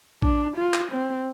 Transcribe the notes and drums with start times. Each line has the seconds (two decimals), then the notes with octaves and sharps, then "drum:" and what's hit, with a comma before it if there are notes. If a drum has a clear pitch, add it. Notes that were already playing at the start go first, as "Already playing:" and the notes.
0.22 D4, drum: kick A#1
0.56 F4
0.74 drum: clap
0.91 C4